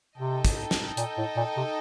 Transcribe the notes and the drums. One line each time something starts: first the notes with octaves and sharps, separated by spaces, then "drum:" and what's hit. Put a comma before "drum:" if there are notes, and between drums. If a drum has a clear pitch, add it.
C3 D#4 A4 D#5 G5
drum: kick, hi-hat
drum: snare
A#2, drum: hi-hat
A2
A#2
C3